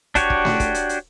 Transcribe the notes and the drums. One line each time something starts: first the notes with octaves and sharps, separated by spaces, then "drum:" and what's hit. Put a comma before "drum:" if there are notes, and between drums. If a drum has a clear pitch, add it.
D4 F#4 G4 C#5, drum: kick, hi-hat
drum: kick
drum: snare A3
drum: kick, hi-hat
drum: hi-hat
drum: hi-hat